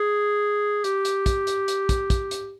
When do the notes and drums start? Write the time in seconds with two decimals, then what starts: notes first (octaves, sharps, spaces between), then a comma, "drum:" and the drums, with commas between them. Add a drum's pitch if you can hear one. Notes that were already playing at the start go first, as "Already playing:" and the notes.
Already playing: G#4
0.84 G4, drum: hi-hat
1.05 drum: hi-hat
1.26 drum: kick, hi-hat
1.47 drum: hi-hat
1.68 drum: hi-hat
1.89 drum: kick, hi-hat
2.10 drum: kick, hi-hat
2.31 drum: hi-hat